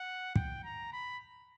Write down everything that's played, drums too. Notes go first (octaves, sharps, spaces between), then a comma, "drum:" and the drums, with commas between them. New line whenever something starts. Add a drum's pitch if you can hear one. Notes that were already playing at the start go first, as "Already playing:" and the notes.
Already playing: F#5
G5, drum: kick
A#5
B5